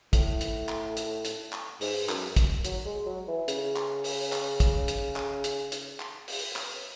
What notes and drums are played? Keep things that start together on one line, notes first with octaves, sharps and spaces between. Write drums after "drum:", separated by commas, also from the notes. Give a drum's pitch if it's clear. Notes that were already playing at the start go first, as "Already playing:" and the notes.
A2, drum: kick, hi-hat
drum: hi-hat
drum: clap
drum: hi-hat
drum: hi-hat
drum: clap
G#2, drum: open hi-hat
F#2, drum: clap
drum: kick, hi-hat
F#3, drum: hi-hat
G#3
F#3
E3
C#3, drum: hi-hat
drum: clap
drum: open hi-hat
drum: clap
drum: kick, hi-hat
drum: hi-hat
drum: clap
drum: hi-hat
drum: hi-hat
drum: clap
drum: open hi-hat
drum: clap